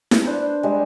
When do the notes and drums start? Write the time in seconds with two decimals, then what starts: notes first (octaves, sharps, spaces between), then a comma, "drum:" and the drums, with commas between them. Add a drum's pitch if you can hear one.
0.11 drum: snare E4
0.25 D4 B4 C5 B5
0.63 G3 G#3